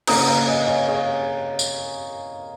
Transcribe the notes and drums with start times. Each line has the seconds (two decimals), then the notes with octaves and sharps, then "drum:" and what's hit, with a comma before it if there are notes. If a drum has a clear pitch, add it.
0.07 C#3 A#3 C#4 A#5 D#6, drum: cymbal
0.28 F5 A#5
0.48 D#5 G#5
0.68 C#5 F5
0.88 G#4 C#5
1.59 drum: tambourine